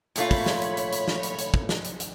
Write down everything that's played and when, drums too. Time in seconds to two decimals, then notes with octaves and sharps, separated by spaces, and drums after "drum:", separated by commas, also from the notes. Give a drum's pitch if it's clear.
0.16 A#2 A3 F4 C#5 B5, drum: hi-hat
0.31 drum: kick, open hi-hat
0.46 drum: snare
0.62 drum: hi-hat
0.77 drum: hi-hat
0.92 drum: hi-hat
1.08 drum: snare
1.23 drum: hi-hat
1.38 drum: hi-hat
1.54 drum: kick
1.69 drum: snare
1.84 drum: hi-hat
2.00 drum: hi-hat